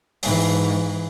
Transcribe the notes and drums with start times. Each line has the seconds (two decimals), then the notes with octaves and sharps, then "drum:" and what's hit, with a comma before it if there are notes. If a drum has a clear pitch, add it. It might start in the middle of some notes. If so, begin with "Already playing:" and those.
0.23 G#2 E3, drum: open hi-hat